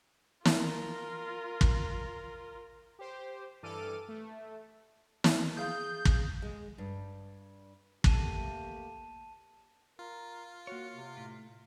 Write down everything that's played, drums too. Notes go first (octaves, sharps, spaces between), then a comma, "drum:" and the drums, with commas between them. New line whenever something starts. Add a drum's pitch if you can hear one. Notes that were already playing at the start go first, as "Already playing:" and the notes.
F4 A#4, drum: snare
drum: kick
G4 C5
G2 E3 A4 D6 F6 D#7
A3
drum: snare
F4 G#4 F5 D#6 G6
drum: kick
G#3
G2
A3 A#3 G4 A5 D#7 E7, drum: kick
F4 A#4
A#3 F#4 C#5
C3
A2